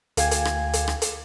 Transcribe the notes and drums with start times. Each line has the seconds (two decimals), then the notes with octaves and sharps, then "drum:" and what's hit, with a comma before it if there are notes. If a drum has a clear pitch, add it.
0.17 D2 F5 G5 G#5 G#6, drum: hi-hat
0.31 drum: hi-hat
0.45 drum: rim click
0.73 drum: hi-hat
0.88 drum: rim click
1.02 drum: hi-hat